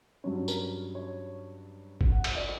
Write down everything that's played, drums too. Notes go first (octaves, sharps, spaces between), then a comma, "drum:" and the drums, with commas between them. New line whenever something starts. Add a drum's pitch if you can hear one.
G2 F#3 C#4 C#5
A#4, drum: tambourine
C#5
drum: kick G1
F#5
E5, drum: cymbal
D5